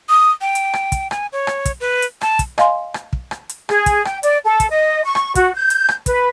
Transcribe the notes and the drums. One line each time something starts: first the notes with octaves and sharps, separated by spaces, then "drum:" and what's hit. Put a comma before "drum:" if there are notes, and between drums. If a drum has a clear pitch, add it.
D#6
G5
drum: hi-hat
drum: rim click
drum: kick, hi-hat
G#5, drum: rim click
C#5
drum: rim click
drum: kick, hi-hat
B4
drum: hi-hat
A5, drum: rim click
drum: kick, hi-hat
D#5 F5 G#5 C6, drum: rim click
drum: rim click
drum: kick
drum: rim click
drum: hi-hat
G#4, drum: rim click
drum: kick, hi-hat
G5, drum: rim click
D5, drum: hi-hat
A4
drum: kick, hi-hat
D#5
C#6
drum: rim click
F#4, drum: kick, hi-hat
G6
drum: hi-hat
drum: rim click
B4, drum: kick, hi-hat